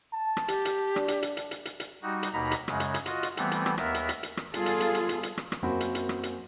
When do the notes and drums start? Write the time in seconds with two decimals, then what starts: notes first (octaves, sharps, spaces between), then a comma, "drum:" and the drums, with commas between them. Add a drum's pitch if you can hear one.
0.13 A5
0.37 drum: rim click
0.48 G4, drum: hi-hat
0.65 drum: hi-hat
0.96 D4, drum: rim click
1.08 drum: hi-hat
1.22 drum: hi-hat
1.37 drum: hi-hat
1.51 drum: hi-hat
1.65 drum: hi-hat
1.80 drum: hi-hat
2.02 G3 D#4 F#4
2.23 drum: hi-hat
2.33 D#2 B2 A#3 D#4 A#5 B5
2.51 drum: hi-hat
2.68 F#2 C#3 G#3, drum: rim click
2.80 drum: hi-hat
2.94 drum: hi-hat
3.06 F4 F#4 D#5, drum: hi-hat
3.23 drum: hi-hat
3.37 E3 G3 A3 B3 C4, drum: hi-hat
3.51 drum: hi-hat
3.66 drum: rim click
3.78 D#2 B3 A#4 E5, drum: rim click
3.94 drum: hi-hat
4.09 drum: hi-hat
4.23 drum: hi-hat
4.37 drum: rim click
4.54 G3 B3 F4 G#4 A4, drum: hi-hat
4.66 drum: hi-hat
4.80 drum: hi-hat
4.95 drum: hi-hat
5.09 drum: hi-hat
5.23 drum: hi-hat
5.38 drum: rim click
5.52 drum: rim click
5.63 F#2 F#3 A#3 C4 F#4 B5
5.80 drum: hi-hat
5.95 drum: hi-hat
6.09 drum: rim click
6.23 drum: hi-hat